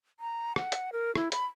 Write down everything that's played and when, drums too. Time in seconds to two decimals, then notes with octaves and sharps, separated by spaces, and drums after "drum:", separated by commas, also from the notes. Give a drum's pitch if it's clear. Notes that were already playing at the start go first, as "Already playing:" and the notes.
0.20 A#5
0.56 F#5, drum: rim click
0.72 drum: hi-hat
0.93 A#4
1.15 E4, drum: rim click
1.32 B5, drum: hi-hat